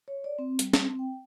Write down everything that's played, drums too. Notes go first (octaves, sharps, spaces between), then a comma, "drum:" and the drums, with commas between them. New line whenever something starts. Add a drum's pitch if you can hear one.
C#5
D5
C4
G3, drum: hi-hat
drum: snare
C4
G5